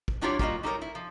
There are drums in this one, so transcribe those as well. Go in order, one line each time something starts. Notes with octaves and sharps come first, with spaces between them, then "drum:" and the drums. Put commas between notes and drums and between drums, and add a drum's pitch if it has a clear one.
drum: kick
F#3 D4 E4 F4 G4 C#5
G3 A#3 F4 F#4 D#5, drum: kick
G3 D#4 A4 A#4 C#5
E4
F3